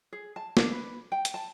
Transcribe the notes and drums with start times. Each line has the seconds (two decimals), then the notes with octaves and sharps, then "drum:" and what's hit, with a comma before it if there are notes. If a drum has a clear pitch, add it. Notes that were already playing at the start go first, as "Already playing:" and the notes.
0.13 G#4
0.36 A5
0.57 D4, drum: snare
0.72 B4
1.12 G5
1.25 drum: hi-hat
1.34 A5